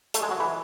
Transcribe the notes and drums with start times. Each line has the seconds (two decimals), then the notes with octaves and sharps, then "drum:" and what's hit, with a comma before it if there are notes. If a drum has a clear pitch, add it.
0.14 A3 A4, drum: hi-hat
0.22 G#3 G#4
0.31 F#3 F#4
0.40 E3 E4